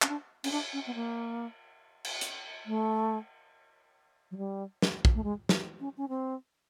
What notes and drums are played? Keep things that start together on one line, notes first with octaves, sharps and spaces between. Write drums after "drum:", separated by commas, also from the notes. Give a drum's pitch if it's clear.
C#4, drum: clap
D4
C#4, drum: cymbal
D4
C#4
B3
A#3
drum: cymbal
drum: hi-hat
A3
F#3
G3
drum: snare
drum: kick
A3
G#3
drum: snare
C#4
C#4
C4